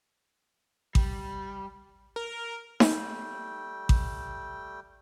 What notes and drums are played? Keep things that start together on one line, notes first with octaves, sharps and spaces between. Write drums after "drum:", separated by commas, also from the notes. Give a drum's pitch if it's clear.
G3, drum: kick A1
A#4
G3 A3 G5, drum: snare D#4
drum: kick A1